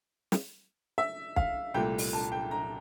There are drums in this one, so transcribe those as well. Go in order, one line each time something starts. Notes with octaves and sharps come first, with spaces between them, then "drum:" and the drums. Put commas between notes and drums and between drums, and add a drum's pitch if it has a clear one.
drum: snare
E5
F5, drum: kick
C2 A#2 A3 G5
drum: open hi-hat
A5
G5
A#5